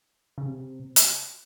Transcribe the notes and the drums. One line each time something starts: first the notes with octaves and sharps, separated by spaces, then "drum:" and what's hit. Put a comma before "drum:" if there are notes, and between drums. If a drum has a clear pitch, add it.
C#3
C3
drum: hi-hat